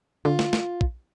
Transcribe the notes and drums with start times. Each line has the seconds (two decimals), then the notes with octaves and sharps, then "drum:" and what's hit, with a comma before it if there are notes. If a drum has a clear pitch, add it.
0.25 D3 F4
0.39 drum: snare
0.53 drum: snare
0.81 drum: kick